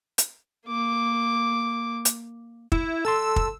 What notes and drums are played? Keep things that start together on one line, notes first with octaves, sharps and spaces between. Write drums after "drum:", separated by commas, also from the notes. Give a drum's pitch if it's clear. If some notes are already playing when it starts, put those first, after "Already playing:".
drum: hi-hat
A#3 D6
drum: hi-hat
E4, drum: kick
A4 A5 C6 E6
drum: kick